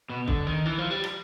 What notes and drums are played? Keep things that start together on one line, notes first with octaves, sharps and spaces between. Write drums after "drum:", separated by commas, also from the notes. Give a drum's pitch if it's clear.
B2
D3, drum: kick
D#3
E3
F3
G3
drum: rim click